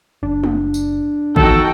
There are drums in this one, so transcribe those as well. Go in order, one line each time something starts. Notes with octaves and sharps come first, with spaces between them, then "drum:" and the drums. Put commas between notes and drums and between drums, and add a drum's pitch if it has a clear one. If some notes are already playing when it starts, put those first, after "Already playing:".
F#1 D4
drum: tom
drum: tambourine
D#3 E3 B3 D#4 F#4 A4 G5, drum: kick G#1